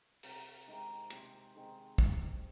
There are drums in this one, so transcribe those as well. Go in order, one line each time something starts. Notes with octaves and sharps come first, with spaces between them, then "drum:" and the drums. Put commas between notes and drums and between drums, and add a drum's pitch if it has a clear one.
C3 A#4, drum: open hi-hat
D#3 G#3 C4 A#4
C3 C5, drum: hi-hat
D#3 G#3 C4
C3, drum: kick